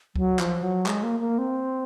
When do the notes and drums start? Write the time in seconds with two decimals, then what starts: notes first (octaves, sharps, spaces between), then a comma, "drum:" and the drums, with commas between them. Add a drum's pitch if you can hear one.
0.16 F#3, drum: kick D2
0.39 F3, drum: clap
0.63 F#3
0.86 G#3, drum: clap
1.03 A#3
1.20 A#3
1.38 C4